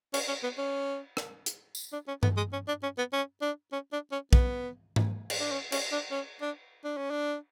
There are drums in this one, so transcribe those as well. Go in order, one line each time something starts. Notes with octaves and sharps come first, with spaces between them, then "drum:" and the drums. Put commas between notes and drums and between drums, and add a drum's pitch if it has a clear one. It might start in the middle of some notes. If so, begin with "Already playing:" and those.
C#4, drum: cymbal
C#4
B3
C#4
drum: rim click
drum: hi-hat
drum: tambourine
D4
C#4
B3, drum: tom G2
G#3
C#4
D4
C#4
B3
C#4
D4
C#4
D4
C#4
B3, drum: kick
drum: tom G#2
drum: cymbal
D4
C#4
C#4, drum: cymbal
D4
C#4
D4
D4
C#4
D4